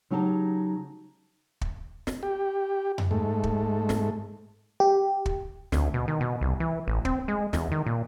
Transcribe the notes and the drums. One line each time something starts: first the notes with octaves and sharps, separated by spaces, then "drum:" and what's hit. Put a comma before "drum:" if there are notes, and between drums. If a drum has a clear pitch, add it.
C#3 F#3 D#4 G4 G5 A5
drum: kick
drum: snare
G4
drum: tom F2
G#2 A3
drum: kick
drum: snare
G4
drum: kick
D2, drum: snare
B2
D#3
B2
C2
E3
A1
C4, drum: kick
G#3
E2, drum: snare
D#3
A#2